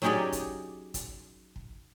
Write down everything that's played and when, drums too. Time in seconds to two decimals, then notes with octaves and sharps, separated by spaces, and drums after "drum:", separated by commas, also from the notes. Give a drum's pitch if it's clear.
0.02 F#3 C#4 D#4 G4 G#4 D5
0.32 drum: kick, hi-hat
0.94 drum: kick, hi-hat
1.56 drum: kick